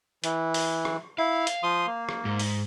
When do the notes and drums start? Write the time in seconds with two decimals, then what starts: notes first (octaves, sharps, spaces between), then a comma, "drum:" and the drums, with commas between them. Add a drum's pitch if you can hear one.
0.24 E3, drum: hi-hat
0.54 drum: open hi-hat
0.85 drum: rim click
1.18 E4 F5
1.47 drum: hi-hat
1.63 F3 C6 D#6
1.87 A#3
2.09 drum: rim click
2.25 G#2
2.39 drum: open hi-hat